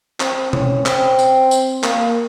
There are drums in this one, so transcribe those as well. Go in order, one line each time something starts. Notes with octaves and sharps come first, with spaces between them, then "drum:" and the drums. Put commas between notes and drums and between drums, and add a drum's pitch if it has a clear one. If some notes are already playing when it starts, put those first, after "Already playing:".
C4, drum: clap
C#4, drum: tom B2
C4, drum: clap
drum: tambourine
drum: tambourine
A#3, drum: clap